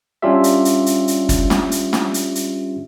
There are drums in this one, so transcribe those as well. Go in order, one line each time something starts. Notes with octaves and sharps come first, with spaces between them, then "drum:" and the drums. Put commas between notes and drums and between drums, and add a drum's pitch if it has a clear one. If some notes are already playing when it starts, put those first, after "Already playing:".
G3 C#4 D4 F4 G4 E5
drum: hi-hat
drum: hi-hat
drum: hi-hat
drum: hi-hat
drum: kick, hi-hat
drum: snare
drum: hi-hat
drum: snare
drum: hi-hat
drum: hi-hat